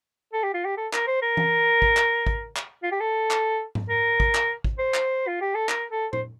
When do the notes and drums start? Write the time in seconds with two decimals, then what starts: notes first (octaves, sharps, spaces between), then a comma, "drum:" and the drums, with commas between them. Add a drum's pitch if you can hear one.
0.33 A4
0.44 G4
0.54 F4
0.65 G4
0.78 A4
0.93 A#4, drum: clap
1.07 C5
1.23 A#4
1.37 drum: tom E3
1.82 drum: kick
1.97 drum: clap
2.27 drum: kick
2.56 drum: clap
2.83 F4
2.92 G4
3.01 A4
3.31 drum: clap
3.75 drum: tom G#2
3.90 A#4
4.20 drum: kick
4.35 drum: clap
4.64 drum: kick
4.79 C5
4.94 drum: clap
5.28 F4
5.41 G4
5.55 A4
5.69 A#4, drum: clap
5.91 A4
6.13 C5, drum: tom A#2